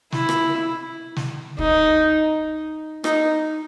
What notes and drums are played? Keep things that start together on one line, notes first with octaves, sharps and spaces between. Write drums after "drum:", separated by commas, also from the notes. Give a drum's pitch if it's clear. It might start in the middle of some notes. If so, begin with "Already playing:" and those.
E4, drum: snare
drum: rim click
drum: snare
D#4, drum: kick
D#4, drum: rim click